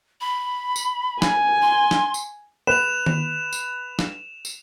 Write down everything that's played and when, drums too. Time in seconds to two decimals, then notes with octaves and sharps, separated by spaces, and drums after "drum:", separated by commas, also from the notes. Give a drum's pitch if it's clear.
0.21 B5
0.76 drum: tambourine
1.22 G#5, drum: snare
1.62 C6
1.91 drum: snare
2.14 drum: tambourine
2.67 B4 E7 F7
3.06 drum: tom D#3
3.53 drum: tambourine
3.99 drum: snare
4.45 drum: tambourine